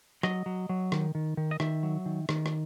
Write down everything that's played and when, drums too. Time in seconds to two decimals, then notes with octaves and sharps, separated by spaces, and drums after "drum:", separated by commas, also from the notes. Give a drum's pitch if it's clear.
0.23 F#3 D#5, drum: rim click
0.46 F#3
0.69 F#3
0.92 D#3, drum: rim click
1.15 D#3
1.37 D#3
1.51 D#5
1.60 D#3 E5, drum: rim click
1.83 F#3
2.06 D#3
2.29 D#3, drum: rim click
2.46 drum: rim click